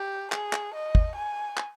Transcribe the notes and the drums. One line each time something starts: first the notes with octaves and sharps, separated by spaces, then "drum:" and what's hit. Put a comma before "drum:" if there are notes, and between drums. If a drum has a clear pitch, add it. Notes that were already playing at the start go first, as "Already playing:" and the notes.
Already playing: G4
G#4, drum: clap
drum: clap
D#5
drum: kick
G#5
drum: clap